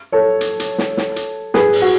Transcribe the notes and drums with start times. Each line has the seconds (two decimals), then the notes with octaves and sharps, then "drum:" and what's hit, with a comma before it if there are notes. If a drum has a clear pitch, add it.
0.12 A4 C#5
0.41 drum: hi-hat
0.60 drum: hi-hat
0.78 drum: snare
0.97 drum: snare
1.16 drum: hi-hat
1.54 G#4 B4, drum: snare
1.73 drum: open hi-hat
1.82 F#4